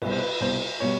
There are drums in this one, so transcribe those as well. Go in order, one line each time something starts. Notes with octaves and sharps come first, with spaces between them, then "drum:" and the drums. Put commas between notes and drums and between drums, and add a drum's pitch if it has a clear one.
C2 B2 G3 B4, drum: cymbal
C5
B4
C2 B2 G3 C5
B2 G3 C#5